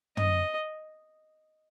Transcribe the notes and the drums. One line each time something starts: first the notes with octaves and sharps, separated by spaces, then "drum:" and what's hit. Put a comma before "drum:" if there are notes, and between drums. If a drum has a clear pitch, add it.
D#5, drum: tom